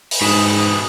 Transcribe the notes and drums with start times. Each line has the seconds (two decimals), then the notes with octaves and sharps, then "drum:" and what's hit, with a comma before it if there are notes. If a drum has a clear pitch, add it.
0.11 drum: open hi-hat
0.21 G#2 B2 G#4